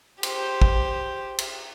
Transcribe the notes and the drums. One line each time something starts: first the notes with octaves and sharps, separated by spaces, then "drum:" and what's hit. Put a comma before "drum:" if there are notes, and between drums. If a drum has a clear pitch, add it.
G4 C5, drum: cymbal
drum: kick
drum: cymbal